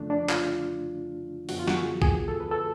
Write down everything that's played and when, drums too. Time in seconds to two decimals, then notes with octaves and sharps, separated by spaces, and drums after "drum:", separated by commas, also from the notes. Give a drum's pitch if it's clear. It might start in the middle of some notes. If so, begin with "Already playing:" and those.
Already playing: F2 C#3 F3 A3 D4
0.10 D4
0.29 F4, drum: clap
1.49 F#2 D3 F3 G#3 B3 F#4, drum: open hi-hat
1.59 F4
1.68 F#4, drum: snare
1.76 G#4
2.02 G#4, drum: kick
2.28 A4
2.40 B4
2.51 A4